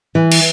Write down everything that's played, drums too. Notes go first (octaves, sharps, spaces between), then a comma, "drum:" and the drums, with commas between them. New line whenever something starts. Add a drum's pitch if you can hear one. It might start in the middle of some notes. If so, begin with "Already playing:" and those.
E3
drum: cymbal